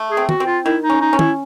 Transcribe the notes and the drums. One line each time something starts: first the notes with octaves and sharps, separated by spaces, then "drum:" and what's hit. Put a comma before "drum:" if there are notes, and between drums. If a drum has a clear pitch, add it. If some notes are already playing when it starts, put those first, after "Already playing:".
Already playing: A3
G#4
C4
F#4, drum: tom
C4
F4
D#3 E4
D#4
C#4
D#4
C#4
E4, drum: tom